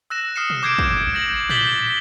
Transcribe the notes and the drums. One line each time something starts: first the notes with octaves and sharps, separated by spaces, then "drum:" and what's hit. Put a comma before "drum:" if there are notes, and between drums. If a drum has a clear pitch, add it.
E6 F#6 A#6 E7
D#6 F6 C7 C#7 E7
drum: tom B2
D6 G6 G#6 C7 D7 E7
drum: kick
G6 A#6 F#7
G6 A6 B6 F#7 G7, drum: tom A2